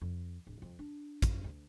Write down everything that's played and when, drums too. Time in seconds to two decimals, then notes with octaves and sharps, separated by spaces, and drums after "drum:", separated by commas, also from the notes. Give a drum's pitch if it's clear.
0.02 F2
0.47 D1
0.62 F2
0.79 D4
1.22 F#2, drum: kick A1, hi-hat
1.44 D2